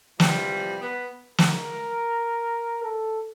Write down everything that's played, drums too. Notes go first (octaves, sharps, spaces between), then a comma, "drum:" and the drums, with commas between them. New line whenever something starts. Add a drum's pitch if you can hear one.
C3 E3 F3 G3, drum: snare
B3
A#4, drum: snare
A4